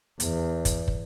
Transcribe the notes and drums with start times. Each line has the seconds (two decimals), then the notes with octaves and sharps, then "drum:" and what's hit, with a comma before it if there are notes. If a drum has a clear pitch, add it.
0.20 E2, drum: hi-hat
0.65 drum: kick, hi-hat
0.88 drum: kick